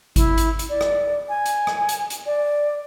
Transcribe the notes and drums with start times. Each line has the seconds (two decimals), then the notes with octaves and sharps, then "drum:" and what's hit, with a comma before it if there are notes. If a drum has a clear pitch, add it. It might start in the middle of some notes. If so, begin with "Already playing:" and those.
0.16 E4, drum: kick G#1, hi-hat
0.38 drum: hi-hat
0.59 drum: hi-hat
0.70 D5
0.81 drum: rim click
1.29 G#5
1.46 drum: hi-hat
1.67 drum: rim click
1.89 drum: hi-hat
2.10 drum: hi-hat
2.26 D5